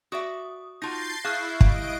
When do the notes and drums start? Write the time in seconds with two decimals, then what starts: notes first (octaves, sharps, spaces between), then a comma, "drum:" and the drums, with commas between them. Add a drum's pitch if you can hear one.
0.12 F#4 D5 E5 D#6
0.82 D#4 F4 F#4 A5 G6 A6 A#6 C7
1.25 E4 G#4 F5 C#6 F6 F#6 C7
1.61 G3 D#5 D7, drum: kick